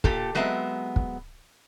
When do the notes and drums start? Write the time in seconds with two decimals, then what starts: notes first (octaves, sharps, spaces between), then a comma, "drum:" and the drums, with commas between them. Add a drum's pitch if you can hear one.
0.04 A#2 G4 A4, drum: kick
0.35 F#3 G#3 B3 C4 E5 A5
0.96 drum: kick